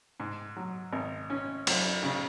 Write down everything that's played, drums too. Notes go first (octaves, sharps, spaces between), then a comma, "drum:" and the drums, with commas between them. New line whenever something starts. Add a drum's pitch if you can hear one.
G#2
F#3
G#1
C#4
F#2, drum: cymbal
C#3